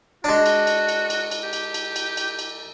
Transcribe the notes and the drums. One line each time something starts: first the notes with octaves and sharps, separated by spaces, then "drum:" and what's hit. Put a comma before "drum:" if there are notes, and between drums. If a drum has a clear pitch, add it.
G#3 D4 F#4
drum: cymbal
drum: cymbal
drum: cymbal
drum: cymbal
drum: cymbal
G4
drum: cymbal
drum: cymbal
drum: cymbal
drum: cymbal
drum: cymbal